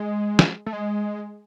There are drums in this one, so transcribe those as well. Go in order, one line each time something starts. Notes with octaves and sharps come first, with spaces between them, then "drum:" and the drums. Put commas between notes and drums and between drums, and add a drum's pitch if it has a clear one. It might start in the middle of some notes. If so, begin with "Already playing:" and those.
Already playing: G#3
drum: snare
A3
G#3